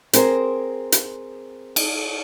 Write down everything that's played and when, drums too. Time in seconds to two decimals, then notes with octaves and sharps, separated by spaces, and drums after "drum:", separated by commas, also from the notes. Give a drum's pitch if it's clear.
0.13 C4 G#4 A#4 C5, drum: hi-hat
0.92 drum: hi-hat
1.76 drum: cymbal